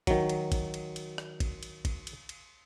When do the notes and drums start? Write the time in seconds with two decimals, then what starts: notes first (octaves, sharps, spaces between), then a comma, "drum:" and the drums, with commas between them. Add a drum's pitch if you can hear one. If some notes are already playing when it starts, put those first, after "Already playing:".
0.07 D#3 F#3, drum: kick A1, cymbal
0.29 drum: cymbal
0.52 drum: kick A1, cymbal
0.74 drum: cymbal
0.96 drum: cymbal
1.18 drum: rim click
1.40 drum: kick A1, cymbal
1.63 drum: cymbal
1.85 drum: kick A1, cymbal
2.07 drum: cymbal
2.29 drum: cymbal